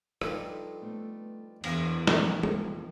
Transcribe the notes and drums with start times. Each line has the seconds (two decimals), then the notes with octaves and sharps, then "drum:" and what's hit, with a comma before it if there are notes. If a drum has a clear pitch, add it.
0.22 G2 F3 D#4 G4 A4, drum: rim click
0.82 A3 B3 C4
1.64 E2 D4 C#5 F5, drum: cymbal
2.07 A#2 D#3 A3 B3 C#4, drum: snare
2.43 C3 F3, drum: tom